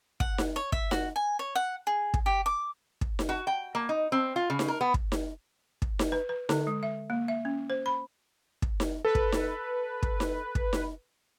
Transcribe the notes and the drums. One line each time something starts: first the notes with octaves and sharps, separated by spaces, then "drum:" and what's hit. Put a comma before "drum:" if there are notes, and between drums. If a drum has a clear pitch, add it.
F#5, drum: kick
drum: snare D#4
C#5
E5, drum: kick
F#4, drum: snare D#4
G#5
C#5
F#5
G#4
drum: kick
G4
D6
drum: kick
drum: snare D#4
F#4
G5
A#3
D#4
C4
F4
C#3
drum: snare D#4
A#4
B3
drum: kick
drum: snare D#4
drum: kick
drum: snare D#4
B4
B4
D3, drum: snare D#4
G#3
E5
A#3
E5
C#4
C5
B5
drum: kick
drum: snare D#4
A4 B4
drum: kick
drum: snare D#4
drum: kick
drum: snare D#4
drum: kick
drum: snare D#4